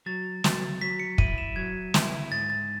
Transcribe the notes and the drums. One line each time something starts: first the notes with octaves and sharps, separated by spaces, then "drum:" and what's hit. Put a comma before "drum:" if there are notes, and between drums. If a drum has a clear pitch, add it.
F#3 A6
F#3, drum: snare
F#3 B6
C#7
E4 D#7, drum: kick
E7
F#3 G#6
E4, drum: snare
G#2 A6
A6